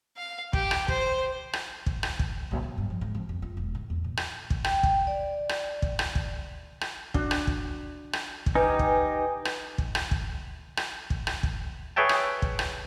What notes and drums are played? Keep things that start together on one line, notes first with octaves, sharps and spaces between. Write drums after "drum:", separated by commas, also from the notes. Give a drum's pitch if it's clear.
F5
G4, drum: kick
drum: rim click
C5, drum: kick
drum: rim click
drum: kick
drum: rim click
drum: kick
A#1
B1
G2
F3
G#2
F2
F2
F4
E1
A2
E2
A#2
drum: rim click
drum: kick
G5, drum: rim click
drum: kick
D5
drum: rim click
drum: kick
drum: rim click
drum: kick
drum: rim click
D4 F#4, drum: kick
drum: rim click
drum: kick
drum: rim click
drum: kick
D#4 G4 B4 G#5
drum: kick
drum: rim click
drum: kick
drum: rim click
drum: kick
drum: rim click
drum: kick
drum: rim click
drum: kick
G#4 B4 C#5 E5 G5 A5
drum: rim click
drum: kick
drum: rim click